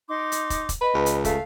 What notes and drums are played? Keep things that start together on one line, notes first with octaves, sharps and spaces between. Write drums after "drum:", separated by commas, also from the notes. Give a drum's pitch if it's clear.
D#4 C6 D6
drum: hi-hat
drum: kick, hi-hat
drum: kick, hi-hat
B4 D#5
C#2
drum: hi-hat
A3 F5, drum: kick, hi-hat